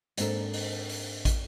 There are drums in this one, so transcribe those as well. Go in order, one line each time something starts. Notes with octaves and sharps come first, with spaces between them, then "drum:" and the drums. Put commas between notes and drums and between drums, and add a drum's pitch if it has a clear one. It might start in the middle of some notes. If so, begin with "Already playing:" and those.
G#2 A#3 C4 D4 A4 A#4, drum: hi-hat
drum: open hi-hat
drum: open hi-hat
drum: kick, hi-hat